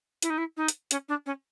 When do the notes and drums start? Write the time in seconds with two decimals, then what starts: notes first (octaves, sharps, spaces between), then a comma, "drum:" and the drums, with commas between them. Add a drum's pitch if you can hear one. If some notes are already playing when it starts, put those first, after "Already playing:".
0.22 E4, drum: hi-hat
0.30 D#4
0.38 E4
0.57 D#4
0.68 drum: hi-hat
0.91 C#4, drum: hi-hat
1.08 D4
1.26 C#4